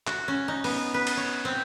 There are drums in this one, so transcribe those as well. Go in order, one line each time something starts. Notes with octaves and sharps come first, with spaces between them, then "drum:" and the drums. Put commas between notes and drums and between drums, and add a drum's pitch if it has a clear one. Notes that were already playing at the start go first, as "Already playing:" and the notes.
F#4, drum: clap
C#4
D#4
B3, drum: open hi-hat
B4
drum: cymbal
C#5
C4